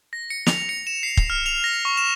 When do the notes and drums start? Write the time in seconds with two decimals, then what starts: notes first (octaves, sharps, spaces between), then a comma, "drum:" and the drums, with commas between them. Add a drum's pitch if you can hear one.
0.13 A#6
0.30 C#7
0.47 F7, drum: snare
0.69 C#7
0.87 E7
1.03 C7
1.17 drum: kick
1.30 F6
1.46 F7
1.64 A#6
1.85 C#6
1.97 E7